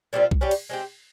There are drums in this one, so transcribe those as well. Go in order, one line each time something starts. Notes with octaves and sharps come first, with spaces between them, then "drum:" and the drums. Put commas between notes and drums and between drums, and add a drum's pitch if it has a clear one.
A#2 G3 C4 F4
drum: kick B1
G3 C#4 G4
drum: cymbal
G#3 C4 G4